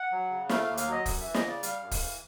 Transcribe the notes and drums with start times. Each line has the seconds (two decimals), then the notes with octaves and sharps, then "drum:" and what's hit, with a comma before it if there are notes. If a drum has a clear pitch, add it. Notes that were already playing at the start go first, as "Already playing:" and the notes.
Already playing: F#5
0.12 F#3
0.30 C#3
0.49 A3 F5, drum: snare
0.63 D#2 F5
0.77 F5, drum: hi-hat
0.87 F#3 D#5
1.06 F#2, drum: kick, open hi-hat
1.21 E3 E5
1.34 D#5, drum: snare
1.44 C#3 D5
1.63 G3 F5, drum: hi-hat
1.82 F#2
1.91 drum: kick, open hi-hat
2.01 E3